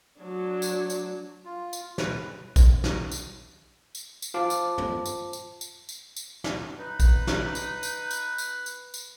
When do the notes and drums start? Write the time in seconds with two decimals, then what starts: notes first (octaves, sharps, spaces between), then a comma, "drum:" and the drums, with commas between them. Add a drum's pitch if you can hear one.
0.20 F#3 D4
0.62 drum: tambourine
0.90 drum: tambourine
1.45 F4
1.73 drum: tambourine
1.98 B4, drum: snare
2.56 drum: kick A#1, tambourine
2.84 drum: snare
3.11 drum: tambourine
3.95 drum: tambourine
4.22 drum: tambourine
4.34 F4 C5 A5 D6
4.50 drum: tambourine
4.78 drum: tom
5.06 drum: tambourine
5.33 drum: tambourine
5.61 drum: tambourine
5.89 drum: tambourine
6.16 drum: tambourine
6.44 drum: snare
6.79 D#4 B4
7.00 drum: kick A#1, tambourine
7.27 drum: snare
7.55 drum: tambourine
7.83 drum: tambourine
8.11 drum: tambourine
8.38 drum: tambourine
8.66 drum: tambourine
8.94 drum: tambourine